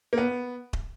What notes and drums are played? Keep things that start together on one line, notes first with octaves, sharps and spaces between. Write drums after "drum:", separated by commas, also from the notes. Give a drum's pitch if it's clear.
A#3
B3
drum: kick D#1